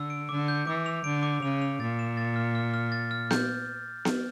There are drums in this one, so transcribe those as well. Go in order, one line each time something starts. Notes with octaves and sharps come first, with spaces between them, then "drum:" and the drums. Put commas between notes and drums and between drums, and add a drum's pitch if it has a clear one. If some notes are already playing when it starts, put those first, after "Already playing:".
Already playing: D3 E6
D7
D3 D6
G6
E3 D6
F7
D3 D7
D6
C#3 F7
F7
A#2 A6
E7
A6
F6
F6
F6
A6
F6
G6, drum: snare B3
drum: snare B3